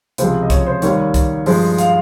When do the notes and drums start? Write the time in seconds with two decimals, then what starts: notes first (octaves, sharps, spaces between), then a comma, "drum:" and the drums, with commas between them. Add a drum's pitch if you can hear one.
0.18 C#2 C3 F3 G#3 C5, drum: hi-hat
0.43 D#5
0.50 C#5, drum: kick C2, hi-hat
0.67 C5
0.82 D#2 D#3 G3 C#5, drum: hi-hat
1.14 drum: kick C2, hi-hat
1.46 G2 F3 G#3 C5, drum: open hi-hat
1.78 F5, drum: hi-hat